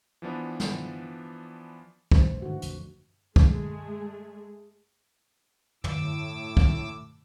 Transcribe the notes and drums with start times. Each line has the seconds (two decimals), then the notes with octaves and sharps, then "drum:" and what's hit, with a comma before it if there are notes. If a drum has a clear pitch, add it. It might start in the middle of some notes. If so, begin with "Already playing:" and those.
0.22 E3 F3 B3 D4
0.60 drum: snare
2.12 E3 A3 C5, drum: kick
2.28 F1 C2
2.42 G#2 D3 D#3 F#4
2.62 A#1 F2, drum: hi-hat
3.36 G#3 A3 G#4, drum: kick
5.84 A2 D6 E6, drum: tom
6.57 drum: kick